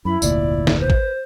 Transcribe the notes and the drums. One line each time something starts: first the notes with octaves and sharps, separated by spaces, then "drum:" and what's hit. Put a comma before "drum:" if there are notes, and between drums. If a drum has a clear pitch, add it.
F#2 E4 B5
F1 D2 A#2 D5, drum: tambourine
drum: snare
B4 C5
drum: kick